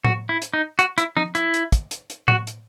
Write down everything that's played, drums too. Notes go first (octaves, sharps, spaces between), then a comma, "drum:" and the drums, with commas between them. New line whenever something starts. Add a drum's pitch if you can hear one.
F#4, drum: tom A2
E4
drum: hi-hat
D#4
F#4, drum: hi-hat
E4, drum: hi-hat
D#4, drum: tom F3
E4, drum: hi-hat
drum: hi-hat
drum: kick, hi-hat
drum: hi-hat
drum: hi-hat
F#4, drum: tom A2
drum: hi-hat